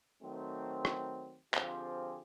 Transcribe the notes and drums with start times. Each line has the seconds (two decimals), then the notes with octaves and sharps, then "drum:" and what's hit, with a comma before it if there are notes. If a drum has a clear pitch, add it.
0.23 D#3 F#3 A3 C4
0.85 drum: rim click
1.54 D3 F3 C4 F4 G4 G#4, drum: clap